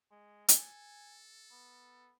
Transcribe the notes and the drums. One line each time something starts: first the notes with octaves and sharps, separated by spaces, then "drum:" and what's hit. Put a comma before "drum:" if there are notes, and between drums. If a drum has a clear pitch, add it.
G#3
A4 G#5, drum: hi-hat
B3